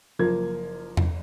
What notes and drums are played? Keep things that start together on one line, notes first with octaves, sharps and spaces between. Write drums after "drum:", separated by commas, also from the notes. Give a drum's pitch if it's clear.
F#1 F3 A#3 G#6
drum: tom E2